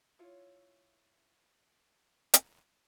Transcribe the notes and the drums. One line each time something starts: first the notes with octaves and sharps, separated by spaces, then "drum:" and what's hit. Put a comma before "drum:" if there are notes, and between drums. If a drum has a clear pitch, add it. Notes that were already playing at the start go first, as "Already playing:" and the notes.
E4 F4 C#5
drum: hi-hat